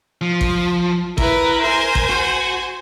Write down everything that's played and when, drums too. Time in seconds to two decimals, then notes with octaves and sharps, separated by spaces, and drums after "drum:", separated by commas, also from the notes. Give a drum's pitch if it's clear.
0.21 F3
0.41 drum: kick A1
1.18 E4 A#4 B4, drum: kick A1
1.62 C5 G#5
1.95 drum: kick A1
2.10 F#4